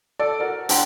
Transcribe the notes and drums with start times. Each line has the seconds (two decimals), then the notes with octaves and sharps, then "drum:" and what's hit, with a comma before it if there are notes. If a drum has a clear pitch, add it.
0.19 A4 D5
0.40 F#4 A#4
0.69 D4 F#5 G5 A#5 C6, drum: hi-hat